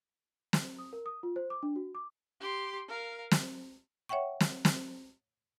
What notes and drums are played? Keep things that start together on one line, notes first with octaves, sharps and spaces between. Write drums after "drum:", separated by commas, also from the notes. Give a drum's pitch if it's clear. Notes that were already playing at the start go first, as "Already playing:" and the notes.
drum: snare
D#6
A#4
D#6
F4
C5
D6
D4
F#4
D6
G4 C6
A#4 F5
drum: snare
C#5 E5 F#5 G5 C#6
drum: snare
drum: snare